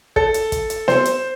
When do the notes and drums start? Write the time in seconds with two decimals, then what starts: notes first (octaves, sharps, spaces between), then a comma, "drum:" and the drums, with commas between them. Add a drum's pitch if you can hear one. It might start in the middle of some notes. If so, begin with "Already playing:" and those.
0.16 A4, drum: kick
0.34 drum: hi-hat
0.52 drum: kick, hi-hat
0.70 drum: hi-hat
0.88 C5, drum: snare B3
1.05 drum: hi-hat